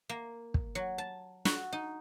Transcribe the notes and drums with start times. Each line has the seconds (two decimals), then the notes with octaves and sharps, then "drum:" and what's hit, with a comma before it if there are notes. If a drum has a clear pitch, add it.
0.09 A#3
0.54 drum: kick
0.75 F#3
0.98 A5
1.45 F#4, drum: snare
1.73 D#4